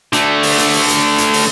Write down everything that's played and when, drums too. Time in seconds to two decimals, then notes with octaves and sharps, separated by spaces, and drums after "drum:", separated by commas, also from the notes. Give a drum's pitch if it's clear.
0.13 D3 A3, drum: hi-hat
0.43 drum: open hi-hat
0.58 drum: hi-hat
0.73 drum: open hi-hat
0.88 drum: hi-hat
1.18 drum: hi-hat
1.33 drum: open hi-hat